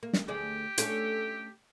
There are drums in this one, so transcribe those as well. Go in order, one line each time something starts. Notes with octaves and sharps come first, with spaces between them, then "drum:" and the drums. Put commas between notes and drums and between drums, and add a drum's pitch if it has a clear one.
A#3
drum: snare
D2 G4 G#4 D5
A3 C#4 D4, drum: hi-hat